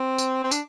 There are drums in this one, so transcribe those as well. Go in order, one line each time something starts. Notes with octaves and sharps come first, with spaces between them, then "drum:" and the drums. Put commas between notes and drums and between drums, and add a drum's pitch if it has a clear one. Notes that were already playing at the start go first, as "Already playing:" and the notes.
Already playing: C4
drum: tambourine
C4
D4, drum: tambourine